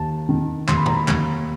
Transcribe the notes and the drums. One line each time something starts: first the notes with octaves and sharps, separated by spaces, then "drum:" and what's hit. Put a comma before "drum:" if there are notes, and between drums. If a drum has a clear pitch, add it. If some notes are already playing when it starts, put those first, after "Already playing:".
Already playing: D#2 A5
D#3
D#2 C6, drum: clap
B5
A#5, drum: tom
B5
D#2, drum: clap